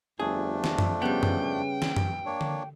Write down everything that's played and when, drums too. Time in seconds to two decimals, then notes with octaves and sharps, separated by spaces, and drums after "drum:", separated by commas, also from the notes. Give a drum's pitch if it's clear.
0.20 G1 F2 A3 D4 G#4
0.64 drum: snare
0.79 drum: tom F#2
1.02 C#3 G3 B3 G5
1.23 drum: tom F#2
1.82 drum: snare
1.97 drum: tom F#2
2.26 A#3 D4 C#5
2.41 drum: tom D3